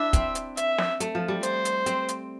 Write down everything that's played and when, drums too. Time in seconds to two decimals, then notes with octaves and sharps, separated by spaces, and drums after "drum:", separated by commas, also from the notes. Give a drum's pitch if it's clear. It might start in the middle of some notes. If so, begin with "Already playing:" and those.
Already playing: D4 E4 E5
0.13 C4, drum: kick, hi-hat
0.35 drum: hi-hat
0.57 E5, drum: hi-hat
0.78 drum: snare
1.00 A3, drum: hi-hat
1.15 F3
1.28 G3
1.43 C5, drum: hi-hat
1.65 drum: hi-hat
1.86 C4, drum: hi-hat
2.08 drum: hi-hat